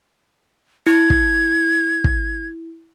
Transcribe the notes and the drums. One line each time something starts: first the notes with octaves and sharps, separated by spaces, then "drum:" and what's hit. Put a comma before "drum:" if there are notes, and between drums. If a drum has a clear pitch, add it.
E4 G#6
drum: kick
drum: kick